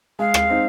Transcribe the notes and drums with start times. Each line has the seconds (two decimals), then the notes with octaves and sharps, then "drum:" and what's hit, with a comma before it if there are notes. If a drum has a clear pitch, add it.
0.19 G#3 F5
0.34 drum: rim click
0.49 C4 D#4